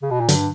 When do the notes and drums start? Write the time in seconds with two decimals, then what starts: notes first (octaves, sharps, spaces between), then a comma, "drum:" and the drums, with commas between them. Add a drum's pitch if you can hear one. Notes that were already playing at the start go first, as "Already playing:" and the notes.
0.03 C#3
0.11 B2
0.20 A#2
0.29 G2 D3 F#3, drum: hi-hat